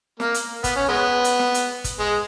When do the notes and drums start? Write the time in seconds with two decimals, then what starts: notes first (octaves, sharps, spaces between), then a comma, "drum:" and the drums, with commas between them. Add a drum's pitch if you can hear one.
0.20 A#3, drum: snare
0.34 drum: hi-hat
0.64 B3, drum: kick, hi-hat
0.76 C#4
0.89 G#3 B3
1.24 drum: hi-hat
1.39 drum: snare
1.54 drum: hi-hat
1.84 drum: kick, hi-hat
1.99 G#3